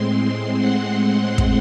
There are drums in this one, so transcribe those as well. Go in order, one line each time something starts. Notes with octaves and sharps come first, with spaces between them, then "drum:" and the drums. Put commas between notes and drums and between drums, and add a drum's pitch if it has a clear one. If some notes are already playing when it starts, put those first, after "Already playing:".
Already playing: A2 G#3 C4 C6
C6
F#5
drum: kick